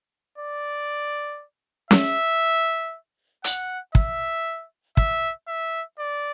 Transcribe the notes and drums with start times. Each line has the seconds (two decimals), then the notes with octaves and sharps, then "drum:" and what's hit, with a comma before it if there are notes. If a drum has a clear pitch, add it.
0.38 D5
1.91 E5, drum: snare C#4
3.44 F#5, drum: hi-hat
3.95 E5, drum: kick
4.97 E5, drum: kick
5.48 E5
5.99 D5